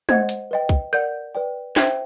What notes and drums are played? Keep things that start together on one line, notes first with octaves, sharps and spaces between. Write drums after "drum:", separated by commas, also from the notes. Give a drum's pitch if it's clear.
C5 D#5 F#5 G#6, drum: tom G#3
drum: hi-hat
B4 D#5 G5
drum: kick
A#4 D5 F#5 G6
B4 D5 G5
C5 E5 G5 G#6, drum: snare